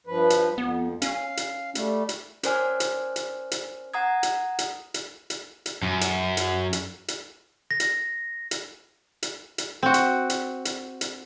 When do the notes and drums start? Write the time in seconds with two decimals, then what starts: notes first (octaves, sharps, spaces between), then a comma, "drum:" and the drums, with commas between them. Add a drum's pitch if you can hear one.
0.07 G2 F3 B4
0.30 drum: hi-hat
0.58 F2 B3
1.02 C#4 F5, drum: hi-hat
1.37 drum: hi-hat
1.75 G3 A3, drum: hi-hat
2.09 drum: hi-hat
2.43 C#4 A#4 C5 D5 G#5 F6, drum: hi-hat
2.80 drum: hi-hat
3.16 drum: hi-hat
3.51 drum: hi-hat
3.94 F#5 A#5 D#6 G#6
4.23 drum: hi-hat
4.59 drum: hi-hat
4.94 drum: hi-hat
5.30 drum: hi-hat
5.66 drum: hi-hat
5.83 F#2
6.01 drum: hi-hat
6.37 drum: hi-hat
6.73 drum: hi-hat
7.08 drum: hi-hat
7.71 A#6
7.80 drum: hi-hat
8.51 drum: hi-hat
9.23 drum: hi-hat
9.58 drum: hi-hat
9.83 C4 F#4
9.94 drum: hi-hat
10.30 drum: hi-hat
10.65 drum: hi-hat
11.01 drum: hi-hat